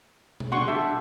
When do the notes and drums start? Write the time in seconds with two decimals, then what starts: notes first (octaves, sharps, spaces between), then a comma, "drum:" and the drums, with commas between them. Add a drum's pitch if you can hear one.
0.40 drum: tom B2
0.52 B2 D3 G3 F#5 C6 C#6
0.68 G4 A4 E5